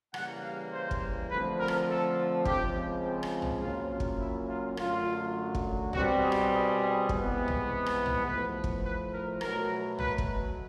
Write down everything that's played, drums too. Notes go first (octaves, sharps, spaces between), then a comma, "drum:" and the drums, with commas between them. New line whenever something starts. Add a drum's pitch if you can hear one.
C#3 E3 G3 A#3 F#5, drum: rim click
F5
C5
drum: kick
D3 F3 A3 C4 B4
A#4
drum: rim click
A4
C#3 F3 G#3 C4 G4, drum: kick
drum: rim click
drum: tom
A#2 F#3 A#3 C#4 F4
F4
drum: kick
E4
F4
F#2 D3 F#3 A3 F4, drum: rim click
drum: kick
B2 G3 C4 F#4, drum: tom
G#4
drum: rim click
G#4
C3 E3 G#3 B3, drum: kick
drum: tom
drum: rim click
drum: tom
A2 F3 A3 B4
drum: kick
B4
A#4
B2 F#3 A3 A#4, drum: rim click
B4, drum: tom
drum: kick